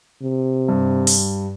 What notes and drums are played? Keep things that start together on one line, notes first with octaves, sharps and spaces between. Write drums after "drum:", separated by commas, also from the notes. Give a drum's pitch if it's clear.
C3
G2
drum: open hi-hat